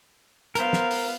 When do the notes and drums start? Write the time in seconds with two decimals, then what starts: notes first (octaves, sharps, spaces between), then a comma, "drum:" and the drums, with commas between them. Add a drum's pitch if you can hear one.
0.55 B3 A#4 C5 F5, drum: hi-hat
0.73 drum: snare
0.91 drum: open hi-hat